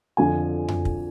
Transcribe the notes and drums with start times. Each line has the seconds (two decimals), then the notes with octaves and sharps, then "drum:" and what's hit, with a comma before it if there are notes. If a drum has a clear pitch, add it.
0.17 F2 D3 F3 G#5
0.68 drum: tom F2
0.85 drum: kick